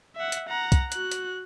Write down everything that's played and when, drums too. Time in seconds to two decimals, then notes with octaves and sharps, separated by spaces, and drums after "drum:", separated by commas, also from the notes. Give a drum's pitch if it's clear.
0.16 E5 F#5
0.32 drum: hi-hat
0.49 F#5 A#5
0.72 drum: kick, hi-hat
0.92 F#4 F#6, drum: hi-hat
1.12 drum: hi-hat